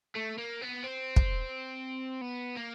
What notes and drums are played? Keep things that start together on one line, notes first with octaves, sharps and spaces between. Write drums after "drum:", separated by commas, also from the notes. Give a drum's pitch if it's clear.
A3
A#3
B3
C4
drum: kick
B3
A#3